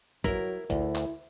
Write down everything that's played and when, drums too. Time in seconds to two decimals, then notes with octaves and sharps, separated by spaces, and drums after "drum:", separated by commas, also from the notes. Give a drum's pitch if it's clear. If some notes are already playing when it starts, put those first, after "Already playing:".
0.24 F#3 E4 A#4, drum: kick, hi-hat
0.70 D2 E4, drum: kick, hi-hat
0.95 drum: clap